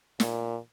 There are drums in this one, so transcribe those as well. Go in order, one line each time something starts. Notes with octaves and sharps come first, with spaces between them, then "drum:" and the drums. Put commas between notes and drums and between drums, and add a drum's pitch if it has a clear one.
A#2, drum: snare